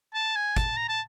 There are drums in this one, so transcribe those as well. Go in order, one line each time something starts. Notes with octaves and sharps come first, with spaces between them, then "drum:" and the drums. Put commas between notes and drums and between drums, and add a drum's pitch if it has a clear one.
A5
G#5
A5, drum: kick, hi-hat
A#5
A5